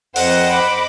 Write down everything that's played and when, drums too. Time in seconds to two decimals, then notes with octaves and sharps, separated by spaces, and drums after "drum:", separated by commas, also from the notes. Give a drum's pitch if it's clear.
0.16 F2 C5 D#5 F#5, drum: open hi-hat
0.49 B5 D6